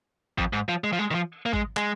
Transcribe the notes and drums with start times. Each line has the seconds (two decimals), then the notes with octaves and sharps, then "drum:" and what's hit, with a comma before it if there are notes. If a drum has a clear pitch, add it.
0.38 F2, drum: kick G#1
0.53 G#2
0.69 F3
0.84 G#3
0.93 F3
0.99 G#3
1.11 D#3
1.15 F3
1.46 A#3
1.53 G#3, drum: kick G#1
1.77 G#3, drum: clap